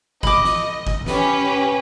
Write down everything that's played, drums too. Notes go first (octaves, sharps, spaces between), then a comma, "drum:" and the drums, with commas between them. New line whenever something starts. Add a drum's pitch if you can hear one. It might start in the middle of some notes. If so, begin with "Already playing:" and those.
D#5 B5 D6, drum: kick F#1
drum: snare
drum: kick F#1
C#4 G4 B4, drum: snare